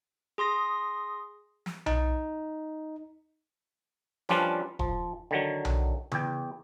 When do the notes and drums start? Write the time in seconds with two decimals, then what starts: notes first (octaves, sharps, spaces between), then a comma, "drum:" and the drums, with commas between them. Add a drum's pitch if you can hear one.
0.38 G#4 C6 D#6 A#6
1.66 drum: snare
1.86 D#4, drum: tom B1
4.29 F3 G3 C#4 D4 F4 B4, drum: snare
4.79 F3, drum: kick E1
5.31 D3 D#3 F#3
5.65 drum: tom B1
6.12 E2 G5, drum: tom C#3